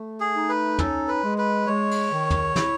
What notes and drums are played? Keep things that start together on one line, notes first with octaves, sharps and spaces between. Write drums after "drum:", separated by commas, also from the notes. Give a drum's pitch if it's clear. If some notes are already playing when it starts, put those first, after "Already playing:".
Already playing: A3
G#4
D#4
B4
C#4 A4, drum: tom
B4
G#3
B4
G#3 C#5
drum: cymbal
D#3
drum: tom
E4, drum: snare